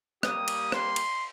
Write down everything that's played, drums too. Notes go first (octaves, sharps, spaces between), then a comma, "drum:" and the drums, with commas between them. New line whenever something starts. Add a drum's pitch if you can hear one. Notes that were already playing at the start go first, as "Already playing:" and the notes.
G3 A#3 G4 D#6, drum: rim click
drum: cymbal
C6, drum: rim click
drum: cymbal